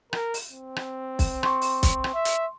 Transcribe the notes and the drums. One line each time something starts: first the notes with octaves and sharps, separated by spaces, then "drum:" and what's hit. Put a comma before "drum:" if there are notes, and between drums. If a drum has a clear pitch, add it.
A#4, drum: rim click
drum: open hi-hat
C4
drum: rim click
drum: kick, open hi-hat
C6 C#6, drum: rim click
drum: open hi-hat
drum: kick, hi-hat
drum: rim click
E5
drum: hi-hat